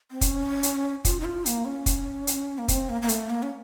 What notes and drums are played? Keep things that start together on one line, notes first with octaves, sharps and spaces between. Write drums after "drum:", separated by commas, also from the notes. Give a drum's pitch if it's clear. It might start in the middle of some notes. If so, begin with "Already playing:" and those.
C4
C#4, drum: kick, hi-hat
drum: hi-hat
F4, drum: kick, hi-hat
D#4
F4
A#3, drum: hi-hat
C#4
drum: kick, hi-hat
drum: hi-hat
A#3
C4, drum: kick, hi-hat
A#3
A#3
A3, drum: hi-hat
A#3
C#4